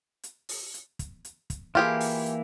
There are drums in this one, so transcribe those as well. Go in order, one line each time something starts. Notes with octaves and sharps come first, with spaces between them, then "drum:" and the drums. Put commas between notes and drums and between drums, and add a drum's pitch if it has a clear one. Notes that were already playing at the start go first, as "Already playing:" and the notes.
drum: hi-hat
drum: open hi-hat
drum: hi-hat
drum: kick, hi-hat
drum: hi-hat
drum: kick, hi-hat
E3 A#3 E4 F4 G4 G#4
drum: open hi-hat
drum: hi-hat